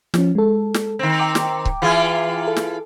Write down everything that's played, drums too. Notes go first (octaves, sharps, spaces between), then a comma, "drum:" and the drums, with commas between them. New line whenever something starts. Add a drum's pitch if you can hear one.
F3 C#4, drum: snare
G#3 A4
drum: snare
D#3 C4
G5 A#5 D6
drum: snare
drum: kick C#1
E3 F4 G#4
A4
drum: snare